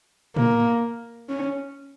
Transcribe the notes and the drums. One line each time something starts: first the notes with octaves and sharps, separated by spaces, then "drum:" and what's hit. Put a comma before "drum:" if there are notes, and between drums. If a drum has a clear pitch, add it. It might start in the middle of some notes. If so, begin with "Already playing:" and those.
A#3, drum: tom A2
C#4